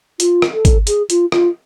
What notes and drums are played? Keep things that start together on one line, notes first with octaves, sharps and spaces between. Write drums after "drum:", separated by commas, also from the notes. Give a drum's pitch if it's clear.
F4, drum: hi-hat
drum: rim click
A4
drum: kick, hi-hat
G#4, drum: hi-hat
F4, drum: hi-hat
F4, drum: rim click